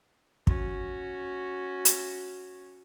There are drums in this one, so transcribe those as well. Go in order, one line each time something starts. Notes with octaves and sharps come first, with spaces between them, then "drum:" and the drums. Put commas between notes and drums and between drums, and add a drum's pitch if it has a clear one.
C#4 F#4, drum: kick
drum: hi-hat